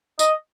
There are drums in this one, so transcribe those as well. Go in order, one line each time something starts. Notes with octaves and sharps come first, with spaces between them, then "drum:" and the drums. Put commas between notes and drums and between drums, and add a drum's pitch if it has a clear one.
D#5, drum: tambourine